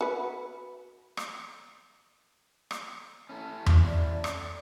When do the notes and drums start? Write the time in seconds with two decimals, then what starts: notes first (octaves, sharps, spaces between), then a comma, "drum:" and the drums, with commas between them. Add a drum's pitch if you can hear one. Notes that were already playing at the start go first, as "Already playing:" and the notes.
0.01 F#4 B4
1.17 drum: rim click
2.71 drum: rim click
3.29 C#4 E4 A4
3.66 drum: tom E2
3.86 D5
4.24 drum: rim click